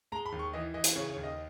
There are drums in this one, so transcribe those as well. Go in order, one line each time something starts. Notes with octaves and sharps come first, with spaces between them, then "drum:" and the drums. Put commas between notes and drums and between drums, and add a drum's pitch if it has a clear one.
G#3 A#5
B5
D#2
C#6
E3 D#5
E3 D#5
drum: hi-hat
C#3 C#5
C#5
D#2
D#5